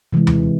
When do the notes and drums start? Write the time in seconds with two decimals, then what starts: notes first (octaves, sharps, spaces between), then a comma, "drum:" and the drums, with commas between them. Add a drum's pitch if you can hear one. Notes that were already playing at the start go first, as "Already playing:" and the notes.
0.13 C3 E3 G#3
0.27 drum: tom D#2